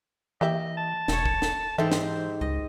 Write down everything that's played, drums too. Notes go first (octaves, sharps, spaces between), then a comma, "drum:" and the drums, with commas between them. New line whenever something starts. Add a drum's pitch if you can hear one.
E3 A#3 G4 D#5 E5
A5
E1 A4 C#5, drum: snare
drum: kick
drum: snare
G#2 E3 C4 G4 A4 E5
drum: snare
C#2 D#5